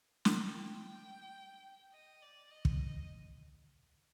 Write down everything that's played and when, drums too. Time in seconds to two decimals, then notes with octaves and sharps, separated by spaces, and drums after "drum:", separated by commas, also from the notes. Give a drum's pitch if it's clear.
0.25 drum: snare
0.49 G5
1.94 D#5
2.23 D5
2.52 D#5
2.65 drum: kick